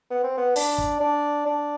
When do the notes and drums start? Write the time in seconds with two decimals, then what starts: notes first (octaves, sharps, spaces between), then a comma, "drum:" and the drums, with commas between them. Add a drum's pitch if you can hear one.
0.11 B3
0.24 C4
0.37 B3
0.56 D4, drum: open hi-hat
0.78 drum: kick
1.01 D4
1.46 D4